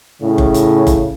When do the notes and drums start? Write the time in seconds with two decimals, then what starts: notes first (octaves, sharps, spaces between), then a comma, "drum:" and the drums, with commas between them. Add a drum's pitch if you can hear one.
0.22 A2 C#3
0.38 drum: kick F#1
0.54 drum: hi-hat
0.87 drum: kick F#1, hi-hat